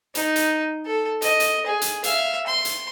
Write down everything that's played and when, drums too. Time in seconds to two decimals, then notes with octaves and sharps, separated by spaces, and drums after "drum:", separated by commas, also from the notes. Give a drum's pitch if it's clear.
0.15 D#4, drum: hi-hat
0.36 drum: hi-hat
0.86 A4
1.22 D#5, drum: hi-hat
1.40 drum: hi-hat
1.66 G#4
1.82 drum: hi-hat
2.04 E5 F5, drum: hi-hat
2.47 C6
2.65 drum: hi-hat